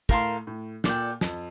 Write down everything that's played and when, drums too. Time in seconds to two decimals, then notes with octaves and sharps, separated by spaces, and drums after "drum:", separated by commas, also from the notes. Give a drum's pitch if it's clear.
0.09 A2 A#4 F5 A5 C6, drum: kick
0.47 A2
0.84 A#2 A4 D5 G5, drum: snare
1.21 F2, drum: snare